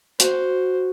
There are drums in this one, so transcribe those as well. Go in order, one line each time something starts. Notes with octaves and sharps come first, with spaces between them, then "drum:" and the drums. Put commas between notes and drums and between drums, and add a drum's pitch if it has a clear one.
F#4 C5, drum: hi-hat